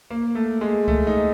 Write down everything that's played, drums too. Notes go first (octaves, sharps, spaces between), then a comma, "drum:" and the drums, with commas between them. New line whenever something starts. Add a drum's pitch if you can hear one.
A#3
A3
G#3
A3, drum: kick C#2
D#4